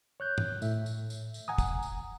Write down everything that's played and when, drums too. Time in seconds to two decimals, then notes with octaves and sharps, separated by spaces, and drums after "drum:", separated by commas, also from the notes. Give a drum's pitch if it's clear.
0.20 C#5 F#6 G6
0.38 drum: tom G#2
0.62 A2 E5, drum: tambourine
0.86 drum: tambourine
1.10 drum: tambourine
1.34 drum: tambourine
1.48 F#5 G#5 A#5 D#6
1.58 drum: kick, tambourine
1.83 drum: tambourine